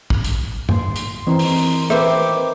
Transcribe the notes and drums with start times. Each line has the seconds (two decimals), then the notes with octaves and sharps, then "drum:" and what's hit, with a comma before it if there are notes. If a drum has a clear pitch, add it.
0.10 drum: kick
0.24 drum: hi-hat
0.69 C6, drum: tom F#2
0.96 drum: hi-hat
1.27 D#3 E3 C4
1.39 drum: open hi-hat
1.90 B4 C5 E5 G5 D6, drum: rim click